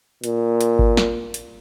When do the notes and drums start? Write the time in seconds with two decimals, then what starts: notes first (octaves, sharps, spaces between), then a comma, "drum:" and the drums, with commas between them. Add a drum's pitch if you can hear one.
0.24 A#2, drum: hi-hat
0.61 drum: hi-hat
0.79 drum: kick G#1
0.97 drum: snare
1.34 drum: hi-hat